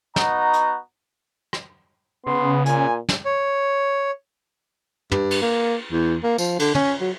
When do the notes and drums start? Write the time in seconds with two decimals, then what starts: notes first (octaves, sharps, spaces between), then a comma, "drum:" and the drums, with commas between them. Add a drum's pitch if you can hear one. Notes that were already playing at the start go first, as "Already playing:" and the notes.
0.16 B3 D#4 F#4 A#5, drum: snare
0.54 drum: hi-hat
1.53 drum: rim click
2.27 C#3 B3 C6
2.66 A#2 G#5, drum: hi-hat
3.09 drum: snare
3.25 C#5
5.12 G2, drum: tom
5.31 drum: cymbal
5.42 A#3
5.92 E2
6.23 A#3
6.38 F3, drum: tambourine
6.59 D3, drum: cymbal
6.75 C#4, drum: tom
7.01 F#3